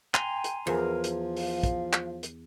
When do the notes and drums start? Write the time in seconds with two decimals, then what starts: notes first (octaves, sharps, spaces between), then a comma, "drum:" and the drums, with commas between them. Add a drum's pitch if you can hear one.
0.14 G5 G#5 A#5 C6, drum: clap
0.44 drum: hi-hat
0.67 E2 F3 A#4
1.04 drum: hi-hat
1.37 F5, drum: open hi-hat
1.63 drum: kick, hi-hat
1.93 drum: clap
2.23 drum: hi-hat